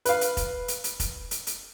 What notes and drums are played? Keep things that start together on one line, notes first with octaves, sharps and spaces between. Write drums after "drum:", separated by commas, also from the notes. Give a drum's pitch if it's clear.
B4 F5, drum: hi-hat
drum: hi-hat
drum: kick F1, hi-hat
drum: hi-hat
drum: hi-hat
drum: kick F1, hi-hat
drum: hi-hat
drum: hi-hat